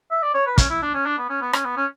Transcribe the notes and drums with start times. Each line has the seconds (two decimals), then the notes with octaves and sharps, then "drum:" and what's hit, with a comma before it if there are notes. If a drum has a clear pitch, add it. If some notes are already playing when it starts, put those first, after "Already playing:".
0.11 E5
0.22 D5
0.34 C#5
0.46 B4
0.58 C#4, drum: kick, hi-hat
0.70 E4
0.82 D4
0.94 C#4
1.05 D4
1.18 B3
1.29 C#4
1.41 B3
1.53 C#4, drum: rim click
1.65 B3
1.77 C#4